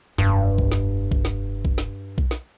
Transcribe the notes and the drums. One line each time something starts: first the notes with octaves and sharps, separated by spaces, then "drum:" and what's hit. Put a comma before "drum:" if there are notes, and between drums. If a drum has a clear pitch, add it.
F1 G2, drum: snare
drum: kick B1
drum: snare
drum: kick B1
drum: snare
drum: kick B1
drum: snare
drum: kick B1
drum: snare